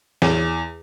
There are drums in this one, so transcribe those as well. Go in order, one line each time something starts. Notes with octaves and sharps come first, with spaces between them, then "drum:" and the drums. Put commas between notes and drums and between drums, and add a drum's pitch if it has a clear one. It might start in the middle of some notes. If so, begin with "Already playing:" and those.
E2, drum: snare